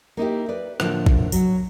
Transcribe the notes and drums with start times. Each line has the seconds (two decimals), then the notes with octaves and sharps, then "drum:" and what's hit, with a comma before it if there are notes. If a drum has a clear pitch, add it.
0.17 A#3 D#4 E4 G4
0.49 B4 D5
0.80 A2 D3 F3 A3 A#3 F4, drum: rim click
1.06 drum: kick
1.32 F#3 F#4, drum: tambourine